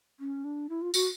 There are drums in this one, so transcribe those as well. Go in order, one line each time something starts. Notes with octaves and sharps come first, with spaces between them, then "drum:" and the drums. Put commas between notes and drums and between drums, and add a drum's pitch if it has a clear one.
C#4
D4
E4
F4
F#4, drum: tambourine